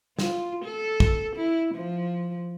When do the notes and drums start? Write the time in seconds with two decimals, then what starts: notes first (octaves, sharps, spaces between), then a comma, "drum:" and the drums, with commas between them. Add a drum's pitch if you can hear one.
0.19 F4, drum: snare
0.65 A4
1.00 drum: kick
1.36 E4
1.74 F3